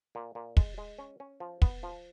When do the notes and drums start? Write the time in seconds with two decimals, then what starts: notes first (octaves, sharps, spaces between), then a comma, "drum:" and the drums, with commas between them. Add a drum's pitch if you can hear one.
0.15 A#2
0.35 A#2
0.57 G#3, drum: kick
0.78 G#3
0.98 C#4
1.20 C#4
1.40 F3
1.62 B3, drum: kick
1.83 F3